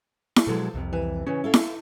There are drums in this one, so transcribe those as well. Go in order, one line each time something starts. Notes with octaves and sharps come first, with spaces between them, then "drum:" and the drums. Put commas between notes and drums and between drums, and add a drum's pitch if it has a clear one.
drum: snare E4
B2 F3 F#3 G#3 A4
C2 F2 C3
E3
C#3 E3 C#4
E4 A4 F5
drum: snare E4